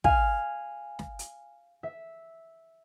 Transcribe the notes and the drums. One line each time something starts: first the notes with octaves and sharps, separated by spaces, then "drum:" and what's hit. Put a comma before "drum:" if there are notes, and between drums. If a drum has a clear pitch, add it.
F5 G#5, drum: kick
drum: snare
drum: hi-hat
E5